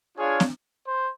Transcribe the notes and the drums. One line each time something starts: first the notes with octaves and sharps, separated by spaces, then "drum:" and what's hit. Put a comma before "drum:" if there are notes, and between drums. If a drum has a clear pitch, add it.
D4 F4 G#4 C#5 F5
drum: snare
C5